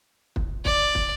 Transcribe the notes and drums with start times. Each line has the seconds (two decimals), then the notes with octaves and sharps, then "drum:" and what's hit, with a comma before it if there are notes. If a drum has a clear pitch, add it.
0.36 drum: kick
0.65 D5, drum: kick
0.95 drum: kick